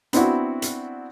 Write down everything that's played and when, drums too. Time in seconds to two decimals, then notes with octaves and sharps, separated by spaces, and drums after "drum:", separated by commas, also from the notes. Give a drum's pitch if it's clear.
0.13 B3 C4 D4 E4 F#4, drum: hi-hat
0.62 drum: hi-hat